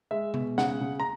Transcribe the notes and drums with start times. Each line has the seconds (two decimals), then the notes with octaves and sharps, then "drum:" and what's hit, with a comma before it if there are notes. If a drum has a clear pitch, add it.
0.11 G#3 E5
0.34 B2, drum: tom C3
0.58 C#3 F#5, drum: snare
0.81 C#3
1.00 A#5